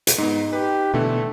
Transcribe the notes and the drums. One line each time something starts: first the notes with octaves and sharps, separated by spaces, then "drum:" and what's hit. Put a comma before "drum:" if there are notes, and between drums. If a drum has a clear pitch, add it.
drum: hi-hat
G#2 B3 D#4
G4 B4
B2 D3 E3 A3